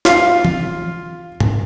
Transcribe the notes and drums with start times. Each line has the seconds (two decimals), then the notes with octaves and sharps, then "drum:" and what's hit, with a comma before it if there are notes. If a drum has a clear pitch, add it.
0.05 F4 F5, drum: snare
0.45 drum: tom E3
1.40 drum: tom G#2